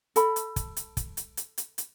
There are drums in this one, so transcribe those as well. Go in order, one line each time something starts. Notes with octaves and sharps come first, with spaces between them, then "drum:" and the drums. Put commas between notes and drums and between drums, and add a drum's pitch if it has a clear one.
A4 B5, drum: hi-hat
drum: hi-hat
drum: kick, hi-hat
drum: hi-hat
drum: kick, hi-hat
drum: hi-hat
drum: hi-hat
drum: hi-hat
drum: hi-hat